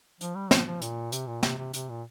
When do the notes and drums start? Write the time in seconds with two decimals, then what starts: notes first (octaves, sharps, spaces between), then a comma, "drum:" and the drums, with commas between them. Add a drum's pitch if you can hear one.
0.21 F3, drum: hi-hat
0.35 G3
0.51 F3, drum: snare
0.66 F3
0.82 A#2, drum: hi-hat
1.12 C3, drum: hi-hat
1.27 A#2
1.43 C3, drum: snare
1.58 C3
1.73 C3, drum: hi-hat
1.89 A#2